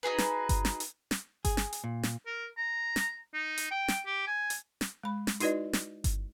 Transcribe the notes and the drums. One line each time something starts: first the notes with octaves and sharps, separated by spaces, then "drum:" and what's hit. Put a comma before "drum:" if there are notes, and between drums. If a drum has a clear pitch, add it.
D#4 F#4 G#4 B4
drum: snare
drum: kick G1, hi-hat
drum: snare
drum: hi-hat
drum: snare
G#4, drum: kick G1, hi-hat
drum: snare
drum: hi-hat
A#2
drum: snare
A#4
A#5
drum: snare
D#4
drum: hi-hat
G5
drum: snare
G4
G#5
drum: hi-hat
drum: snare
G#3 B5
drum: snare
D#4 E4 F#4 B4 D5 D#5, drum: hi-hat
drum: snare
drum: kick G1, hi-hat